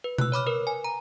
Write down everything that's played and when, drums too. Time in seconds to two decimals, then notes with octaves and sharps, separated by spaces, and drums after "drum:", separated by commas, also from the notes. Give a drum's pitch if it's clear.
0.04 B4
0.18 E6 F#6, drum: tom B2
0.32 C#5 B5 D6 F6
0.47 A#4 B4
0.67 G#5
0.84 A#5